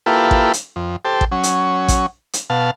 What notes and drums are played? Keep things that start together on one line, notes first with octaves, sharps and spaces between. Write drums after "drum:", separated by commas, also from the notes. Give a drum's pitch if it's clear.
A#3 E4 F4 G4 A4 B4
drum: kick A1
drum: hi-hat
F2
G4 A4 C5
drum: kick A1
F#3 C#4
drum: hi-hat
drum: kick A1, hi-hat
drum: hi-hat
B2 F5 A5